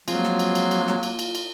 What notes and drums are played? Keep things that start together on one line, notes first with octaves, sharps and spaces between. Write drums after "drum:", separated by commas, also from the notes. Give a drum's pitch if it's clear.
F3 F#3 G#3 A#3 C4 F4, drum: cymbal
drum: snare
drum: cymbal
drum: cymbal
drum: cymbal
drum: snare
drum: cymbal
drum: cymbal
drum: cymbal